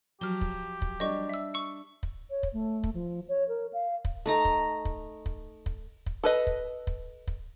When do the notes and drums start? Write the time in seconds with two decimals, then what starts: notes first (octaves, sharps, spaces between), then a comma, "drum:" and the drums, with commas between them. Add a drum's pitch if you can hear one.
0.21 F3 F#3 G4 F6 G7
0.41 drum: kick
0.82 drum: kick
1.00 G3 D4 D#5 C#6
1.29 E5 E6
1.54 C#6 E6 C#7
2.03 drum: kick
2.30 C#5
2.43 drum: kick
2.53 A3
2.84 drum: kick
2.94 F3
3.29 C#5
3.48 A#4
3.73 F5
4.05 drum: kick
4.26 A3 D#4 A#5
4.45 drum: kick
4.85 drum: kick
5.26 drum: kick
5.66 drum: kick
6.06 drum: kick
6.24 A4 B4 D#5
6.47 drum: kick
6.87 drum: kick
7.27 drum: kick